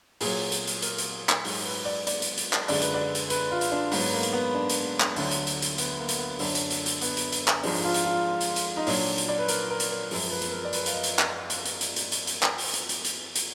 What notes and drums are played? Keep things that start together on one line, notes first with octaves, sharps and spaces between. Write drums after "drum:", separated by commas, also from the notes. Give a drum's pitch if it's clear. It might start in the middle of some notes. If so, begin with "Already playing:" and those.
A#2 F#3 G#4, drum: open hi-hat
drum: hi-hat
drum: hi-hat
A#4, drum: hi-hat
drum: hi-hat
drum: clap
G#2 F#3 G#4, drum: open hi-hat
B4
D5
D5, drum: hi-hat
drum: hi-hat
drum: hi-hat
drum: clap
F#2 D3 G#3 D5, drum: open hi-hat
B4, drum: hi-hat
D5
drum: hi-hat
B4, drum: hi-hat
F4
drum: hi-hat
D4
G#2 F#3 B3, drum: open hi-hat
A#3
drum: hi-hat
B3
D4
drum: hi-hat
drum: clap
D2 D3 F#3, drum: open hi-hat
drum: hi-hat
drum: hi-hat
drum: hi-hat
B3, drum: hi-hat
A#3
drum: hi-hat
B3
F#2 D3 F#3 D4, drum: open hi-hat
drum: hi-hat
drum: hi-hat
drum: hi-hat
B3, drum: hi-hat
drum: hi-hat
drum: hi-hat
drum: clap
G#2 F3 G#3 D4, drum: open hi-hat
F4
drum: hi-hat
F4
drum: hi-hat
drum: hi-hat
D#4
A#2 F#3 D4, drum: open hi-hat
drum: hi-hat
D5
B4
A#4, drum: hi-hat
A#4
drum: hi-hat
A#4
F#2 F3 G#3, drum: open hi-hat
B4
drum: hi-hat
A#4
D5
B4, drum: hi-hat
F5, drum: hi-hat
D#5
drum: hi-hat
drum: clap
drum: hi-hat
drum: hi-hat
drum: hi-hat
drum: hi-hat
drum: hi-hat
drum: hi-hat
drum: clap
drum: open hi-hat
drum: hi-hat
drum: hi-hat
drum: hi-hat
drum: hi-hat